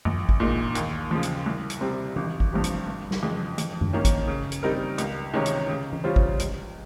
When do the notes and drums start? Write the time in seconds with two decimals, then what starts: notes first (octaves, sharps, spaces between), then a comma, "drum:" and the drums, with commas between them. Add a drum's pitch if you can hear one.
0.05 A#1, drum: tom F#2
0.29 drum: kick
0.40 A#2 G#3 D#4
0.75 D#2, drum: hi-hat
1.11 C#3 F3
1.23 drum: hi-hat
1.46 C2
1.70 drum: hi-hat
1.81 C3 G3 C4
2.16 G#1, drum: tom E3
2.40 drum: kick
2.53 G2 F3 C4 G4
2.64 drum: hi-hat
2.87 G1
3.11 drum: snare
3.23 F2 C#3 G#3
3.58 F2, drum: hi-hat
3.81 drum: tom F#2
3.93 D#3 A#3 C#4
4.05 drum: kick, hi-hat
4.28 C#3
4.52 drum: hi-hat
4.63 G3 C4 D#4 A#4
4.98 C#2, drum: hi-hat
5.34 C3 D#3 G#3 C#4
5.46 drum: hi-hat
5.69 C#3
5.93 drum: tom E3
6.04 G3 C#4 F4 C5
6.16 drum: kick
6.40 C#2, drum: hi-hat